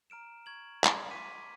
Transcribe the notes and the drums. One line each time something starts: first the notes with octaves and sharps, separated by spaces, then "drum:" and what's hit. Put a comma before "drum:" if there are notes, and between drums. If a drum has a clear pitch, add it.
A#5 F6 D7 E7
C#6 G#6 F#7
drum: clap
B5 C6 D6 B6 D#7